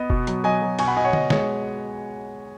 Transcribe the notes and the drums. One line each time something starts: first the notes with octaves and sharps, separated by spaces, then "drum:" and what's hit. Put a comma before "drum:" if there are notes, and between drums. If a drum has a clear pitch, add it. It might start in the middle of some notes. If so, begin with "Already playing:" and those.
Already playing: B3 D#5
B2, drum: kick F1
F#3, drum: hi-hat
F#3 D#5 G#5
F#3
B2 G#5 C#6, drum: cymbal
F#5 B5
B2 D#5 G#5
C#5 F#5
B2 D#5, drum: tom D3
G#3 C#5, drum: snare